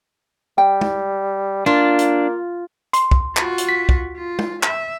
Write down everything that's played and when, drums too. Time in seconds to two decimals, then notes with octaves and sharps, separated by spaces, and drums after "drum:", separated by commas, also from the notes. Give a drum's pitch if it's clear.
0.58 G3 G5
0.81 drum: tom
1.66 A#3 D4 F4
1.99 drum: hi-hat
2.93 C6, drum: hi-hat
3.11 drum: kick
3.37 F4 F#4, drum: clap
3.58 drum: hi-hat
3.69 B6
3.89 drum: kick
4.17 F4
4.39 drum: tom
4.63 E5, drum: clap